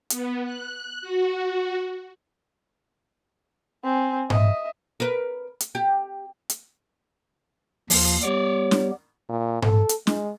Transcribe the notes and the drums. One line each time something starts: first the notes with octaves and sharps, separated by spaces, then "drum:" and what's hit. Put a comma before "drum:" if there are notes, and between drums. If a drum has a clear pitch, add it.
B3, drum: hi-hat
F#6
F#4
C4 G#5
D#5 E5, drum: tom G#2
A#4 B4
drum: hi-hat
G4
drum: hi-hat
D#2 F3 C5, drum: open hi-hat
G3 B3 G4 C#5 D5
drum: snare
A#2
A4, drum: tom G#2
drum: hi-hat
G#3, drum: snare